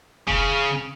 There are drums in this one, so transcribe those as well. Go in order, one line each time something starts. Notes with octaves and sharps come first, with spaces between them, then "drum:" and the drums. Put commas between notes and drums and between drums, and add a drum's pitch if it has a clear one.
C#3, drum: kick F1